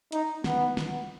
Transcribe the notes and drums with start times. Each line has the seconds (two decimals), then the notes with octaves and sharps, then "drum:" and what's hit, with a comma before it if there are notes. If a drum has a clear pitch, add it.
0.12 D#4, drum: hi-hat
0.44 B3, drum: snare
0.77 drum: snare